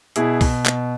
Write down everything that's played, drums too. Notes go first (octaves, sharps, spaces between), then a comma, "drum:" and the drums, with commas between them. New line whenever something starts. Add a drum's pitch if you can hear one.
B2 E4 G#4, drum: hi-hat
B2, drum: kick, open hi-hat
B2, drum: clap